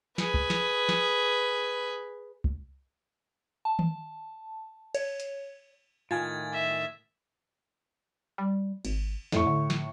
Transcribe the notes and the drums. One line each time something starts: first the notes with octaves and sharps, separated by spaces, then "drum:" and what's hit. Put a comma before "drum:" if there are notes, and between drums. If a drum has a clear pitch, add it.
G#4 B4, drum: snare
drum: kick C2
drum: snare
drum: snare
drum: kick C2
A5
drum: tom D#3
C#5, drum: cymbal
drum: hi-hat
A2 D#3 F4 G#5 G#6 A6
E5
G3
G#1, drum: cymbal
F2 A2 C#6, drum: snare
D3
drum: snare